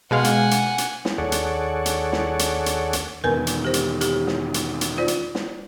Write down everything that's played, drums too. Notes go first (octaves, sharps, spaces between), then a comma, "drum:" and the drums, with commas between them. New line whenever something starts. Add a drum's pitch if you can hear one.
B2 G#3 F5 F#5 G#5
drum: hi-hat
drum: hi-hat
drum: hi-hat
drum: snare
D#2 G#4 A4 C#5 D5 F#5
drum: hi-hat
drum: hi-hat
drum: snare
drum: hi-hat
drum: hi-hat
drum: hi-hat
E2 B2 D#3 A#4 B4 G#5
drum: hi-hat
G4 C5
drum: hi-hat
G4, drum: hi-hat
drum: snare
drum: hi-hat
drum: hi-hat
F4 C5 D5
drum: hi-hat
drum: snare